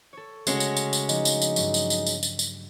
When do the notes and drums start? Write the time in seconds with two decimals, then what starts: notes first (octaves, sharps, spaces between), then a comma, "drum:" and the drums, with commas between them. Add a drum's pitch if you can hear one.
0.13 A4 C#5
0.47 C#3 G#3 A3 C#4 F#4, drum: tambourine
0.60 drum: tambourine
0.77 drum: tambourine
0.93 drum: tambourine
1.09 F3 D4 D#4, drum: tambourine
1.25 drum: tambourine
1.42 drum: tambourine
1.56 G2 F#3, drum: tambourine
1.74 drum: tambourine
1.90 drum: tambourine
2.06 drum: tambourine
2.23 drum: tambourine
2.39 drum: tambourine